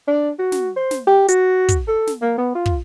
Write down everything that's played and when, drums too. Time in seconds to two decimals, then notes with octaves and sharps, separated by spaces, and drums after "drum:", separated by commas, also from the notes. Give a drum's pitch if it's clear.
0.08 D4
0.39 F#4
0.52 drum: snare
0.76 C5
0.91 drum: snare
1.07 G4
1.28 F#4, drum: hi-hat
1.69 drum: kick, hi-hat
1.88 A4
2.07 drum: snare
2.22 A#3
2.38 B3
2.55 F4
2.66 drum: kick